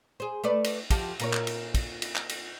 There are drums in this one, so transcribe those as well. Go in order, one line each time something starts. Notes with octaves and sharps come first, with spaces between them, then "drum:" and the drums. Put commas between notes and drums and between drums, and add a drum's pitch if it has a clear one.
G#4 C5
A3 B4 D5
drum: cymbal
F3 G4 A4, drum: kick, cymbal
A#2 A#4 C#5, drum: cymbal
drum: clap
drum: cymbal
drum: kick, cymbal
drum: cymbal
drum: clap
drum: cymbal